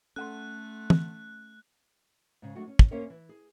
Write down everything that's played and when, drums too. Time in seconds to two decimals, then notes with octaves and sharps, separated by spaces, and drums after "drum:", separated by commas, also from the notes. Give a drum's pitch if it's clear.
0.16 A3 C#4 A4 F#5 C6 F#6
0.90 drum: tom E3
2.42 G#2 C#3
2.55 F#3 G#3 A3 D4 F#4
2.68 C#4
2.79 drum: kick
2.91 A#3 C#4 A#4 C5 C#5 E5
3.10 E3
3.29 G#4